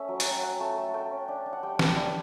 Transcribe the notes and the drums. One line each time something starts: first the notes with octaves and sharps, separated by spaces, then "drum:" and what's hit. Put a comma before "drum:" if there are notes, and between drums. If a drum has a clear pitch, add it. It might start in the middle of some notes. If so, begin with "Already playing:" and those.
Already playing: A3 C#4 E5
F#3
F#5, drum: hi-hat
F#3 G5
C#4 F#5
A3 A5
A3
A3 G5
C#4
D4
D4
F#5
G3 G5
G3, drum: snare
G3